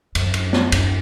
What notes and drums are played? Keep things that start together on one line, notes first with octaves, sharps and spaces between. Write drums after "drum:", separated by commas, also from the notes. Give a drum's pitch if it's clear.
F#2, drum: cymbal
drum: cymbal
drum: snare
F#2, drum: cymbal